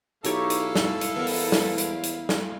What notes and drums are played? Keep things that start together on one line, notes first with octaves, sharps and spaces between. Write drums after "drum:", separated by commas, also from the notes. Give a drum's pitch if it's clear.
B1 D#4 E4 G4 A4 C#5 F5, drum: hi-hat
drum: hi-hat
drum: snare
drum: hi-hat
E2 B3 A#4
drum: open hi-hat
drum: snare
drum: hi-hat
drum: hi-hat
drum: snare